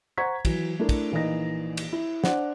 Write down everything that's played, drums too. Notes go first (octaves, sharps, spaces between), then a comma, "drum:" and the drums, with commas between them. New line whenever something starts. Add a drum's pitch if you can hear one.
C5 F#5 A#5 C#6 G#6 B6
E3 F#3, drum: kick, cymbal
A3 D4 E4 A#4
drum: kick, cymbal
A#1 E3 A#3 D#4 D#5 A#6
drum: cymbal
E4
D4 C5 D5 F#5, drum: snare